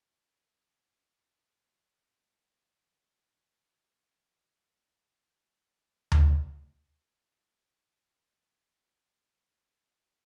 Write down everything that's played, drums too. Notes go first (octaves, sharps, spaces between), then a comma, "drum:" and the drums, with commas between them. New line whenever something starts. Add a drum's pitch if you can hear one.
D#5
E3
F4
G#3
D#4
G6
A6
B4
B5
C#3
F#4
C#7
G#3
D#3 D#4
drum: tom D2
G#2 D4 E4
C4 G#4 F5 F#5 A5
C4 C#4 F4 B4 C5
D5 G#5
C5
C#5